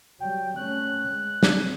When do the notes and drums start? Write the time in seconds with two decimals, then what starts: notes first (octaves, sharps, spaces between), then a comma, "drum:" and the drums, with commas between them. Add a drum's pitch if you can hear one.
0.20 F#3 G3 G5
0.56 A3 C#4 F#6
1.07 G#3
1.43 C4, drum: snare